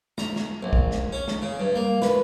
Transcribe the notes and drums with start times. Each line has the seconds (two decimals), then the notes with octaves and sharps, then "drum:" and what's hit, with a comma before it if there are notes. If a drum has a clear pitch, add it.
0.18 A#5, drum: snare
0.36 drum: snare
0.63 A#1
0.73 drum: kick
0.91 drum: snare
1.13 C#4
1.28 drum: snare
1.42 C#3
1.60 G2
1.75 A#3
2.02 B4, drum: snare